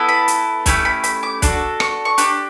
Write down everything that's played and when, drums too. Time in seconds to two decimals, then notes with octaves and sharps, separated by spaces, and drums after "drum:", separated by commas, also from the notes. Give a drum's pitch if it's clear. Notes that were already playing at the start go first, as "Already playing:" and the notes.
Already playing: B3 E4 A4
0.09 B5
0.28 drum: hi-hat
0.66 A3 C#4 E4 G4 B5, drum: kick B1, hi-hat
0.85 B5
1.04 B5, drum: hi-hat
1.23 D6
1.42 D4 F#4 A4, drum: kick B1, hi-hat
1.80 C#6, drum: rim click
2.05 C#6
2.18 D4 G4 C#6, drum: hi-hat